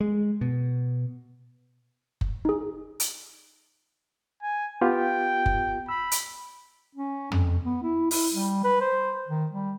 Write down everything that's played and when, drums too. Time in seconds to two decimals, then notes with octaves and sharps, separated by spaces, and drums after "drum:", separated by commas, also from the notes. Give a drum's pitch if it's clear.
0.01 G#3
0.41 B2
2.21 drum: kick F#1
2.45 D#4 G#4
3.00 drum: hi-hat
4.42 G#5
4.81 B3 F4 G4 G5
5.46 drum: kick F#1
5.89 B5 E6
6.11 drum: hi-hat
6.95 C#4
7.32 F2, drum: tom
7.65 B3
7.83 E4
8.11 E4, drum: open hi-hat
8.33 G3
8.64 B4
8.81 C5
9.28 D#3
9.52 G3